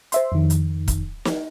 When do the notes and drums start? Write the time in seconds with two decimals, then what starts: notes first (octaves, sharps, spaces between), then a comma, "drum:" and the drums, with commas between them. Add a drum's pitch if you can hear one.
0.12 C5 E5 C6, drum: hi-hat
0.32 F2 D#3
0.50 drum: hi-hat
0.88 drum: kick, hi-hat
1.25 drum: snare